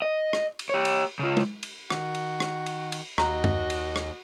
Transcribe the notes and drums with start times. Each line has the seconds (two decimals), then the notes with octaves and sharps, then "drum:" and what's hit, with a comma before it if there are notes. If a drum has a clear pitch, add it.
0.02 D#5
0.33 drum: rim click
0.59 drum: cymbal
0.69 G4 C#5
0.85 drum: cymbal
1.19 C#3 F4
1.37 drum: tom
1.63 drum: cymbal
1.90 D#3 F#4, drum: rim click
2.14 drum: cymbal
2.40 drum: rim click
2.66 drum: cymbal
2.92 drum: cymbal
3.18 D#2 F#4 D#5 A#5, drum: rim click
3.44 drum: tom F#2
3.70 drum: cymbal
3.96 drum: rim click